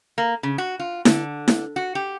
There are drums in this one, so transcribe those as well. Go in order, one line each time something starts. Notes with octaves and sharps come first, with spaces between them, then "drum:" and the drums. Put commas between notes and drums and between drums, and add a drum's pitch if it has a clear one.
A#3
C#3
F#4
F4
D3, drum: snare E4
drum: snare E4
F#4
G4